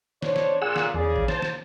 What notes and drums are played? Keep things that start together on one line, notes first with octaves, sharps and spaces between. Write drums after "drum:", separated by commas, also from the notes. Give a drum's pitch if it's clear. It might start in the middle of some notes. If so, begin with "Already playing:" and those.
D4 C5 C#5, drum: snare
drum: snare
A#2 G#4 F#5 E6
drum: snare
E2 C#3 G#4 D5
drum: kick
C5 A5, drum: snare
drum: snare